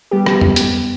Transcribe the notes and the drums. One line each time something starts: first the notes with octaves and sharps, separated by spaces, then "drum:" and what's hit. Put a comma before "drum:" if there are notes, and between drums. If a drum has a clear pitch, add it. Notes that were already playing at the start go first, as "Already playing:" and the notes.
G3 B3 G4
drum: rim click
drum: tom F2
drum: hi-hat